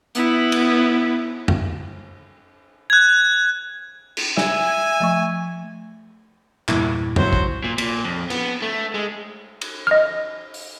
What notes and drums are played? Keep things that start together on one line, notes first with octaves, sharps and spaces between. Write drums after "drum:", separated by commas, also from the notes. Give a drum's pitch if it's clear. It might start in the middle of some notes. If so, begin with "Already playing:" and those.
B3 E4, drum: hi-hat
drum: cymbal
drum: tom F2
F#6 G#6
drum: cymbal
E5 G#5, drum: snare
F3 A3 C#6
E2 G2 A#2 E4, drum: clap
F#3 C5, drum: tom F2
drum: kick
A#2
A#2, drum: cymbal
F2
B3, drum: cymbal
A3
G#3
drum: cymbal
D#5 F6
drum: open hi-hat